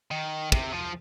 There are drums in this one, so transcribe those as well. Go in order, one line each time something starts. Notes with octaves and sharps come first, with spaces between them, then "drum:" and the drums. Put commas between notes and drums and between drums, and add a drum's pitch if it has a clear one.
D#3
C3, drum: kick
F3